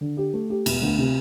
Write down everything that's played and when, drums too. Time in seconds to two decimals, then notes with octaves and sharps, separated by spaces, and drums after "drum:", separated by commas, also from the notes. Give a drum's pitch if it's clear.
0.01 D3
0.17 G4
0.33 A3
0.50 G4
0.66 E1, drum: cymbal
0.82 D2
0.98 C3